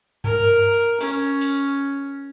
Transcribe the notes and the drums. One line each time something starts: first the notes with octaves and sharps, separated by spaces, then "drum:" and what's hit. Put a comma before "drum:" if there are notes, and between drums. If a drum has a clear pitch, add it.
A#4, drum: tom G2
C#4, drum: open hi-hat
drum: open hi-hat